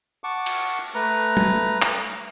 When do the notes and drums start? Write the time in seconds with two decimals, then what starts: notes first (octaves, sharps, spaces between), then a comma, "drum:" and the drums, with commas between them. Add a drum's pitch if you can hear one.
0.24 F#5 A5 C#6 D6
0.46 drum: cymbal
0.95 A3 B4 A#5
1.37 drum: tom
1.82 drum: clap